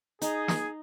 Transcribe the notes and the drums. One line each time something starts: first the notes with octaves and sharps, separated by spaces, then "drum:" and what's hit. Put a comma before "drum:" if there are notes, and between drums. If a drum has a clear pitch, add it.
D#4 G#4, drum: hi-hat
drum: snare